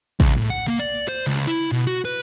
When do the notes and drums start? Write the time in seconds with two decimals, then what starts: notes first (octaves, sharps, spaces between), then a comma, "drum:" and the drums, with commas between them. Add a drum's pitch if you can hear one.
0.20 C#2, drum: kick
0.37 A2
0.50 F#5
0.68 A#3
0.79 D5
1.08 C5
1.27 C#2
1.47 E4, drum: hi-hat
1.72 B2
1.87 F#4
2.05 B4